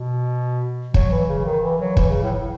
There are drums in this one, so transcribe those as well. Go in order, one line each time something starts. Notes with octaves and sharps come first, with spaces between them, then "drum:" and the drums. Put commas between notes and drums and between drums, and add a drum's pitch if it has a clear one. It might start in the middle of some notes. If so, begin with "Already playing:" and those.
Already playing: B2
F#3, drum: kick
E3
C#3
D#3
E3
F#3
E3, drum: kick
C#3
A2